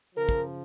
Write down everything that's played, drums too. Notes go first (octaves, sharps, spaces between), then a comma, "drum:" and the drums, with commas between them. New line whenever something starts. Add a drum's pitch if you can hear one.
C#3 F3 A#4
drum: kick